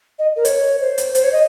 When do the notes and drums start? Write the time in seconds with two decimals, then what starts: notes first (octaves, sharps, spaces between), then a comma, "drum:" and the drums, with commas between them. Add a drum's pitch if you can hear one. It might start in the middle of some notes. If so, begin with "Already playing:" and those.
0.19 D#5
0.36 A#4
0.45 C#5, drum: hi-hat
0.81 C5
0.98 drum: hi-hat
1.15 C5, drum: hi-hat
1.24 C#5
1.32 D#5